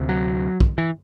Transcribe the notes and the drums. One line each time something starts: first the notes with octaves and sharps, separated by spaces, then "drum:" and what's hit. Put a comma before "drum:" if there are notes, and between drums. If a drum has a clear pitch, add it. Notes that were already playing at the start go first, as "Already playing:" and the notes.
Already playing: D2 C3
F#3
drum: kick
E3